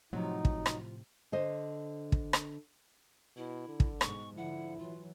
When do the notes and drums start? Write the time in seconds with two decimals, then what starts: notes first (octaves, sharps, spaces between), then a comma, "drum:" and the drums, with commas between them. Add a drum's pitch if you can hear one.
0.13 A2 C3 F3 F#3 D#4
0.45 drum: kick
0.66 drum: rim click
1.32 D3 C5 D#5
2.12 drum: kick
2.33 drum: rim click
3.37 B2 E4
3.68 D3
3.80 drum: kick
4.01 G#2 B2 G#3 C#6, drum: rim click
4.37 D3 F3 E4 F#5
4.79 E3 F#3 F4